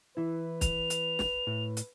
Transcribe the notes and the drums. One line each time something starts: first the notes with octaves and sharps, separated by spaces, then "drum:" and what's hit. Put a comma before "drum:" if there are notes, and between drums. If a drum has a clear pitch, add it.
E3 E4 B4
F7, drum: kick, hi-hat
drum: hi-hat
drum: snare
A2
drum: hi-hat